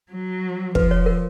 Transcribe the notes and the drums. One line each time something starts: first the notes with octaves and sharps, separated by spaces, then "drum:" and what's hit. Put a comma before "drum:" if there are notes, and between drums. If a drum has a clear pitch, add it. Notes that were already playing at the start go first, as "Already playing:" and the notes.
F#3
F3 B4, drum: kick
C#5
A#4